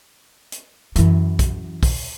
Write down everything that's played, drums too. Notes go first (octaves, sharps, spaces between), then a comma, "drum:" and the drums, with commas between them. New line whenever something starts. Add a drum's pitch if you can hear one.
drum: hi-hat
F#2 E3, drum: hi-hat
drum: kick, hi-hat
drum: kick, open hi-hat